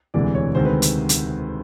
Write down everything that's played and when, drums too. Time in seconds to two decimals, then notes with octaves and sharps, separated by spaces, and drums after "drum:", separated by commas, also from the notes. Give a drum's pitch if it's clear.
0.14 E1 D2 C3 E3 G#3 D5
0.35 C#5
0.55 D2 C3 D#3 G#3 C5
0.65 B4
0.82 drum: hi-hat
1.09 drum: hi-hat